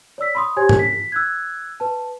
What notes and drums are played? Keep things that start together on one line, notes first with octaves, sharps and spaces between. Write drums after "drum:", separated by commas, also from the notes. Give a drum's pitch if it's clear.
C#5 D5 E6 B6
B5 C6 D#6
G4 C5 C#5 G#5 G#6
drum: tom G2
B6
E6 F#6 G#6
B4 A5